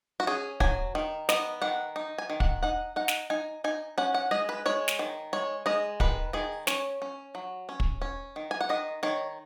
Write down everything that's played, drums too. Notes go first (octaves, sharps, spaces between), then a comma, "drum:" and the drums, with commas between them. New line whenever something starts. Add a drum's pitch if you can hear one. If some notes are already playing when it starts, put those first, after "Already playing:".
F#4
C#4 G#4
F#3 G#5, drum: kick
D#3
B3 D#5, drum: snare
D#3 F#5
D#4
G#5
D#3
F#5, drum: kick
D#4 F#5
D#4 F#5
drum: snare
D#4 G#5
D#4 G#5
C#4 F#5
F#5
G#3 D#5
B4
G#3 C#5
drum: snare
D#3
G#3 C#5
G#3 D#5
D#3 B4, drum: kick
D#3 G#4
C#4 C#5, drum: snare
C#4
F#3
C#4
drum: kick
C#4
D#3
G#5
F#5
D#3 D#5
D#3 C#5